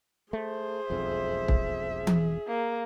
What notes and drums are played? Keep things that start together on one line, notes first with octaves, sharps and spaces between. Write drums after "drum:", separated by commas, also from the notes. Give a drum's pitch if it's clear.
A3 G#4 C5
E1 B1 F2 E5
drum: kick
G#4
drum: tom E3
A#3